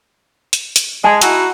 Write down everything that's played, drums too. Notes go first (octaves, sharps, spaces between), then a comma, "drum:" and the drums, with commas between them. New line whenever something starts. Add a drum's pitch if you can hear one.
drum: hi-hat
drum: hi-hat
G#3 G#5 A5
D#4 E4 F#4, drum: hi-hat